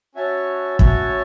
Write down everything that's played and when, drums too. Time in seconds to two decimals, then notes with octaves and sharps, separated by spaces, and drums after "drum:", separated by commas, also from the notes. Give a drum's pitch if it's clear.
0.15 C#4 F#4 C#5 E5 A5
0.79 C#4 F#4 C#5 E5 A5, drum: kick